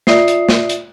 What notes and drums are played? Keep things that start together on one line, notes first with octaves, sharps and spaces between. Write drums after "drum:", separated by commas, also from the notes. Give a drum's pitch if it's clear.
F4 D5 E5 D#6 C7, drum: snare
drum: hi-hat
drum: snare
drum: hi-hat